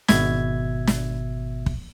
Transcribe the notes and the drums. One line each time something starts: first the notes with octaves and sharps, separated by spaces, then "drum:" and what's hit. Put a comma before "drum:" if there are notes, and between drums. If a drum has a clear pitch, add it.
G#1 B2 E5 G#6, drum: snare
drum: snare
drum: kick